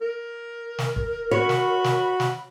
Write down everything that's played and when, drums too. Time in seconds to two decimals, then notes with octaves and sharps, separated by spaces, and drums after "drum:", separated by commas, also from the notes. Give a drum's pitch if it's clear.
0.01 A#4
0.78 drum: snare
0.96 drum: kick
1.31 F#4 C#5 B5
1.49 drum: snare
1.84 drum: snare
2.20 drum: snare